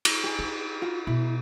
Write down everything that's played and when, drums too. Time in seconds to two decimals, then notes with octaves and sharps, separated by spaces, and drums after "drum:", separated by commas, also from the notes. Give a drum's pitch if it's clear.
0.05 drum: cymbal
0.24 G4 G#4
0.39 D#4
0.82 F4 F#4
1.07 B2 E4